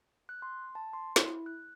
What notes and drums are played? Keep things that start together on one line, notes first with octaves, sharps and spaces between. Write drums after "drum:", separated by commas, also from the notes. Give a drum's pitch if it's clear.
F#6
C6
A5
C6
E4, drum: snare
F#6